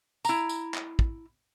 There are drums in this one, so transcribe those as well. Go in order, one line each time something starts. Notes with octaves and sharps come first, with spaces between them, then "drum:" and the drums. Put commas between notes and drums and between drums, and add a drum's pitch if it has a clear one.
E4 A#5, drum: tambourine
drum: tambourine
drum: clap
drum: kick